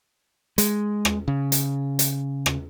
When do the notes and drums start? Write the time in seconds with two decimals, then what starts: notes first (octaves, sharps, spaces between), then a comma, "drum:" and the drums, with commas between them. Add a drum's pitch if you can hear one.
0.58 G#3, drum: hi-hat
1.05 drum: rim click
1.28 C#3
1.52 drum: hi-hat
1.99 drum: hi-hat
2.46 drum: rim click